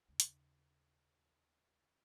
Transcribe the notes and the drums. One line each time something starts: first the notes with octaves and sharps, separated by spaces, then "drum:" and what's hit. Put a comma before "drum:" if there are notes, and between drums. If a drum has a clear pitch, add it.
D#2 C#3
drum: hi-hat